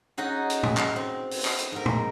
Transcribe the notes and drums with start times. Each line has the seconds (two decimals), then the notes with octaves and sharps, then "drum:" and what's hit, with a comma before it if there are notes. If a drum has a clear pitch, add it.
0.18 C#4 D#4 F#4 G#4
0.50 drum: hi-hat
0.63 drum: tom
0.77 drum: clap
0.96 C4
1.31 drum: open hi-hat
1.45 drum: clap
1.59 drum: hi-hat
1.72 G#2 A#4
1.86 drum: tom